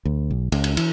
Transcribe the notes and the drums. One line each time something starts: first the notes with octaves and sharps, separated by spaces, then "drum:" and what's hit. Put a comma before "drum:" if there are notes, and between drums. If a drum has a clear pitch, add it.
D2
B1
C#2, drum: cymbal
drum: cymbal
E3, drum: cymbal